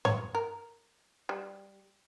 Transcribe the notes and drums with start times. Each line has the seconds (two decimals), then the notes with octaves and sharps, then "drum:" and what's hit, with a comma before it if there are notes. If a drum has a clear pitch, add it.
0.05 C#5, drum: tom G2
0.35 A#4
1.29 G3